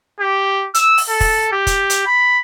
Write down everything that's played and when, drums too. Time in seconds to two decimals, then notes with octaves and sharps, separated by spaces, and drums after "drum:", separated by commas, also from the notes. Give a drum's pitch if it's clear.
0.20 G4
0.74 E6, drum: hi-hat
0.98 drum: open hi-hat
1.09 A4
1.21 drum: kick, open hi-hat
1.52 G4
1.67 drum: kick, hi-hat
1.90 drum: hi-hat
2.07 B5